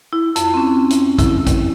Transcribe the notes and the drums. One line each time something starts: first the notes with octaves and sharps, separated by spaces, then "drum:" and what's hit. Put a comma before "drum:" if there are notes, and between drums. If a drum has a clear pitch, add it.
E4
F2, drum: hi-hat
C4 C#4
drum: hi-hat
E4, drum: kick, hi-hat
drum: kick, hi-hat